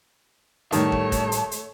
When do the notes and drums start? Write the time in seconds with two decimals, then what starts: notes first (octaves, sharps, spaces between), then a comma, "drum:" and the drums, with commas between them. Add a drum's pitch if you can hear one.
0.72 A2 D#3 G3 A3 C#5 A5, drum: hi-hat
0.92 drum: kick
1.12 drum: kick, hi-hat
1.32 drum: hi-hat
1.52 drum: hi-hat